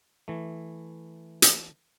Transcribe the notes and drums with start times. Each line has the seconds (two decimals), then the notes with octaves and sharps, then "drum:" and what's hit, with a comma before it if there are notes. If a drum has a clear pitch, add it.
0.28 E3 A3
1.42 drum: hi-hat